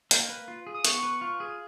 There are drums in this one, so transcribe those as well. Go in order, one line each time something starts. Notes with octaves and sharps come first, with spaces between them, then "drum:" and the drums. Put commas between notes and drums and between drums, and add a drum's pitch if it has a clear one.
A#3, drum: hi-hat
B4
F4
G#4
D#6
B3 C#6, drum: hi-hat
B4
F4
G#4